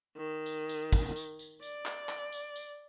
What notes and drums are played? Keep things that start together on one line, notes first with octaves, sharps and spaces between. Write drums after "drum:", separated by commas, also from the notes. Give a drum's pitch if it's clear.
D#3
drum: tambourine
drum: tambourine
drum: kick, tambourine
drum: tambourine
drum: tambourine
D5, drum: tambourine
drum: clap
drum: clap
drum: tambourine
drum: tambourine